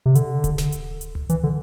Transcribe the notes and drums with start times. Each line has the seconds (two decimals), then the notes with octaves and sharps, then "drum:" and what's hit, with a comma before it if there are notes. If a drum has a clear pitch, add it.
0.06 C3
0.15 D3, drum: hi-hat
0.44 drum: kick D1, hi-hat
0.58 drum: snare
0.72 drum: hi-hat
1.01 drum: hi-hat
1.15 drum: tom C#2
1.29 E3, drum: hi-hat
1.43 D3